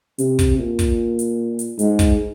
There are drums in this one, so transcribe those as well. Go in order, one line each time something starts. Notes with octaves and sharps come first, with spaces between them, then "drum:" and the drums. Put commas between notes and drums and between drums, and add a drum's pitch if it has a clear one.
C3, drum: hi-hat
drum: kick, hi-hat
A#2
drum: kick, hi-hat
drum: hi-hat
drum: hi-hat
G#2, drum: hi-hat
drum: kick, hi-hat